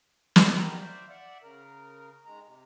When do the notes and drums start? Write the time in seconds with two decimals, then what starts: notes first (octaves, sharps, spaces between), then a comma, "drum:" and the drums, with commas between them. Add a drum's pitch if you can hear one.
0.36 drum: snare
0.55 D#4 F#4 G4 A#4 A#5 B5
0.78 C5 D5 E5 F5
1.10 D5 E5 F#5
1.43 C#3 A#4
2.25 D#3 G#3 A#5
2.46 C3